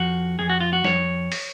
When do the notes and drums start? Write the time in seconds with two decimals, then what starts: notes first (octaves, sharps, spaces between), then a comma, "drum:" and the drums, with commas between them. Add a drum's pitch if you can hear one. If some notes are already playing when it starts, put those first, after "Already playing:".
Already playing: F2 F#4
0.39 F2 G#4
0.50 F#4
0.60 F4
0.73 F#4
0.84 F2 C#5, drum: snare
1.32 drum: open hi-hat